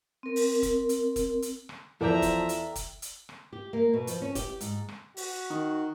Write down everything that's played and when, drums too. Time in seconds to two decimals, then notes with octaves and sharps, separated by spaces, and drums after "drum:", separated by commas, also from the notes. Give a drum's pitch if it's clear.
0.23 C4 A#4
0.36 drum: open hi-hat
0.63 drum: kick, hi-hat
0.89 drum: hi-hat
1.16 drum: kick, hi-hat
1.42 drum: hi-hat
1.69 drum: rim click
2.01 E2 F3 A4 D5 E5 G5 A#5
2.22 drum: kick, hi-hat
2.49 drum: hi-hat
2.76 drum: kick, hi-hat
3.02 drum: hi-hat
3.29 drum: rim click
3.53 G4
3.73 A#3
3.94 B2
4.07 F3, drum: hi-hat
4.22 C#4
4.35 G4, drum: kick, hi-hat
4.61 G#2, drum: hi-hat
4.89 drum: rim click
5.17 F#4, drum: open hi-hat
5.50 D#3